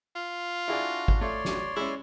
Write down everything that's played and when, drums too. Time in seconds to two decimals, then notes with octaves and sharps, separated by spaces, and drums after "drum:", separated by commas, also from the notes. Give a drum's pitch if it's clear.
0.16 F4
0.68 D4 E4 F#4 G#4 D5
1.08 drum: kick
1.21 A3 C#5 D5 C6
1.45 drum: snare
1.77 G#3 C#4 E4